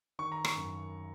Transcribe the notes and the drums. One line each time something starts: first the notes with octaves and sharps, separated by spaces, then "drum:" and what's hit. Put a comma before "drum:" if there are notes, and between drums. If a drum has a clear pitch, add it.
D#3 C#6
A#5
C#6, drum: rim click
F#2